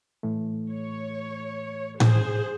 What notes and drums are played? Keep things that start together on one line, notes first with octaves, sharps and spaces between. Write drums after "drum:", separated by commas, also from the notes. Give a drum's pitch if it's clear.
A2 E3 A3
C#5
G#4 C5, drum: tom A2